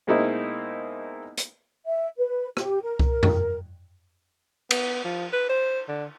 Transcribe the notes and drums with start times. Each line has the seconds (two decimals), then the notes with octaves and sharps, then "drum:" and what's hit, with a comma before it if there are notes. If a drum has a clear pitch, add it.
0.07 B2 G#3 A#3 C4 D#4 E4
1.38 drum: hi-hat
1.85 E5
2.18 B4
2.57 G4, drum: rim click
2.82 A#4
2.99 drum: kick C2
3.23 drum: tom F2
4.71 B3, drum: cymbal
5.04 F3
5.33 B4
5.49 C5
5.88 D3